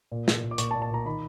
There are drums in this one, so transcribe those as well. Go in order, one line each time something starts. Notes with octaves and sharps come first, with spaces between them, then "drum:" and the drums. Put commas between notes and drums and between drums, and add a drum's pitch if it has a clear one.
A#2
A#2, drum: snare
A#2
D6
A#2 C#6, drum: hi-hat
A5
A#2
A5
A#2 A#5
D#3 B5